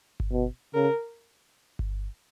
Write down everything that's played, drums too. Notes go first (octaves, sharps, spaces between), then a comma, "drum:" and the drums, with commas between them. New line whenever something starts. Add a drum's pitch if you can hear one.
drum: kick G1
B2
C#3 A#4
drum: kick G1